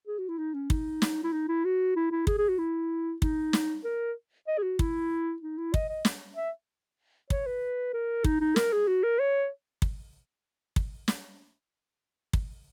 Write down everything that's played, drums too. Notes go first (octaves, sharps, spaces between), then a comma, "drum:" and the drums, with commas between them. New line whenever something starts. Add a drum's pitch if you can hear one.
G#4
F#4
E4
D#4
C#4
D#4, drum: kick
drum: snare
E4
D#4
E4
F#4
E4
E4
G#4, drum: kick
G#4
F#4
E4
D#4, drum: kick
drum: snare
A#4
D#5
G#4
F#4
E4, drum: kick
D#4
E4
D#5, drum: kick
D#5
drum: snare
E5
C#5, drum: kick
B4
A#4
D#4, drum: kick
D#4
A#4, drum: snare
G#4
F#4
A#4
C#5
drum: kick
drum: kick
drum: snare
drum: kick